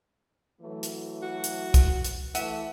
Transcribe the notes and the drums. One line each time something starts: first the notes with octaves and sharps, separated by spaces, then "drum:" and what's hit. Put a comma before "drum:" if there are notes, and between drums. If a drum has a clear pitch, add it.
E3 F#3 A3
drum: hi-hat
F#4
drum: hi-hat
drum: kick C2, hi-hat
drum: hi-hat
E3 A3 E5 F#5 D#7, drum: hi-hat